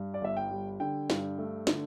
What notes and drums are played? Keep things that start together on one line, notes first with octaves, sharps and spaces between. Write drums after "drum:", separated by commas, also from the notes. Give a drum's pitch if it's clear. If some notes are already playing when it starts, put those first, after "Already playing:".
Already playing: G2
D5
G1 E5
G5
G3
D3 G5
G2, drum: snare
A3
D3, drum: snare